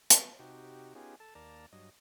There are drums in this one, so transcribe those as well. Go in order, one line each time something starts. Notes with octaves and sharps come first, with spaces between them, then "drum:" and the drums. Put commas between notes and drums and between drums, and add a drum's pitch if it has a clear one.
C#6, drum: hi-hat
C3 D#4 F#4 G4
B3 C#4 D#4 F4 G4 G#4
A4 A5
D#2 A#3 D5 A5 A#5
G2 F#3 D#5